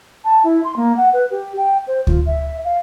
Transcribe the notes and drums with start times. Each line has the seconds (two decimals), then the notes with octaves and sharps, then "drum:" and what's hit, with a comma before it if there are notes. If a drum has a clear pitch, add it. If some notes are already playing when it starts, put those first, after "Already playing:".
0.25 A5
0.44 E4
0.64 C6
0.76 A#3
0.97 F#5
1.13 B4
1.31 G4
1.57 G5
1.87 C5
2.07 F4, drum: kick D2
2.26 E5
2.65 F5